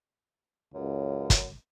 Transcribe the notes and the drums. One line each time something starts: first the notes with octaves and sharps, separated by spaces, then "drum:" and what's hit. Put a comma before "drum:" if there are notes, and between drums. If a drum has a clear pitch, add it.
C#2 F#2
drum: kick, hi-hat